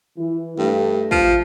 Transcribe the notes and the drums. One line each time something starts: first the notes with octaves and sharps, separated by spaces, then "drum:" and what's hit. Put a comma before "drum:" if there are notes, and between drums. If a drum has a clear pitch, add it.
E3 E4
G2 A3 A4
F3, drum: kick